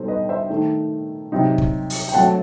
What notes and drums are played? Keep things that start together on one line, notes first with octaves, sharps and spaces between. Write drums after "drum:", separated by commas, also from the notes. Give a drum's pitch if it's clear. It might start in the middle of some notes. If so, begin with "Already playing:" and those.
Already playing: B2 G3 D#4 A4 C5
B4 D#5
C5 E5
D#3 A3 D#4
C3 F#3 C4 D#4
drum: kick
drum: open hi-hat
G5
F#3 A3 C4 F#5 A5